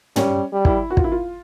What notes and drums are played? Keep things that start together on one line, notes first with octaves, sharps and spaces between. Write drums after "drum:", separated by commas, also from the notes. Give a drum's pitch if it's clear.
G3 C#4, drum: tom
G3
E4, drum: kick
F#4
F4, drum: kick
E4
F4